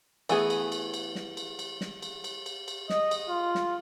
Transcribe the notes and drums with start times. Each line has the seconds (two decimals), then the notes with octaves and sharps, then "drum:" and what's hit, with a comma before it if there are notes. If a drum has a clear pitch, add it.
0.29 E3 A3 B3 G#4, drum: cymbal
0.50 drum: cymbal
0.72 drum: cymbal
0.94 drum: cymbal
1.15 drum: snare
1.37 drum: cymbal
1.59 drum: cymbal
1.81 drum: snare
2.02 drum: cymbal
2.24 drum: cymbal
2.46 drum: cymbal
2.68 drum: cymbal
2.90 D#5, drum: snare
3.11 drum: cymbal
3.29 F4
3.55 drum: snare